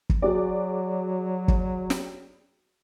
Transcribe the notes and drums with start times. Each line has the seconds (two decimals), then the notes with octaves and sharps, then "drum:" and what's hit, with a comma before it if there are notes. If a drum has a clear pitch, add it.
0.09 drum: kick
0.22 F#3 F#4 G#4 D5
1.48 drum: kick
1.90 drum: snare